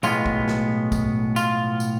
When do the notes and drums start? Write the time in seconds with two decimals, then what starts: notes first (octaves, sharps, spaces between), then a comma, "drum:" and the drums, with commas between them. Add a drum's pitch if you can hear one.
0.03 B1 A2 G#3 B3 F4, drum: tambourine
0.26 drum: kick
0.48 drum: snare
0.92 drum: kick, tambourine
1.36 F4, drum: tambourine
1.80 drum: tambourine